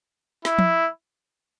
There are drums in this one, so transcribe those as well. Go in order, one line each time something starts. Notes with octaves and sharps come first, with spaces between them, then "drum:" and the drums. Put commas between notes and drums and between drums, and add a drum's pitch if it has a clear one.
E4, drum: snare
drum: tom